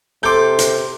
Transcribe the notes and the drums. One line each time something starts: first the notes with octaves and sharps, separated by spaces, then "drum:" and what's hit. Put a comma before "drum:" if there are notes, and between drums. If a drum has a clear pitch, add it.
C3 A4 C6 D6 G6
drum: hi-hat